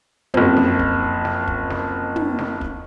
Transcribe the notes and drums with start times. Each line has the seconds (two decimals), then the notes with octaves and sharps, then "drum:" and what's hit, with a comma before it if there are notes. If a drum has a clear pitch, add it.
0.34 F#1 F2, drum: tom
0.57 drum: snare
0.79 drum: kick
1.25 drum: snare
1.48 drum: kick
1.70 drum: snare
2.16 drum: tom
2.39 drum: snare
2.61 drum: kick